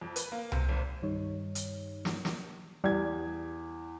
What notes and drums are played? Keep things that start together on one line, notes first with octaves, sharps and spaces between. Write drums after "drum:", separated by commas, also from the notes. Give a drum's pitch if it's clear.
F2
B4, drum: hi-hat
A#3
C3, drum: tom C2
G#1
G2 D#3 G3 D#4 C#5
drum: hi-hat
drum: snare
drum: snare
E2 G3 G#6